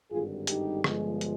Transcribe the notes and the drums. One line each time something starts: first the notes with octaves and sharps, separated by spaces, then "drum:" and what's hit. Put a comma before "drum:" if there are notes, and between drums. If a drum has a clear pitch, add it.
G#1 G2 D3 G3 F4 G#4
D#4 G4, drum: hi-hat
G1 G2 F3 G#3, drum: rim click
drum: hi-hat